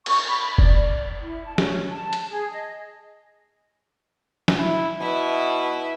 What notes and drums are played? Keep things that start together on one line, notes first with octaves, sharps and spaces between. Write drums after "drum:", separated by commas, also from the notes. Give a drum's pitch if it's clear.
C#6, drum: cymbal
B5
D5, drum: kick
E4
A5
C#4, drum: snare
A5
drum: hi-hat
G#4
D#5
drum: snare
E4
B2 E4 B4